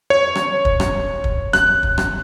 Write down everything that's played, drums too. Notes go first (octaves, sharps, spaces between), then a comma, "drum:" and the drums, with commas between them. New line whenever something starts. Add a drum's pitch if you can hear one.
C#5
drum: rim click
drum: kick
drum: rim click
drum: kick
F#6, drum: rim click
drum: kick
drum: rim click